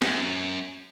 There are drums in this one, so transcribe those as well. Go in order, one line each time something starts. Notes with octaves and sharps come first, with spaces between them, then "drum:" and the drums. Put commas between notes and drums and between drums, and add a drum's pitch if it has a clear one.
F#2, drum: snare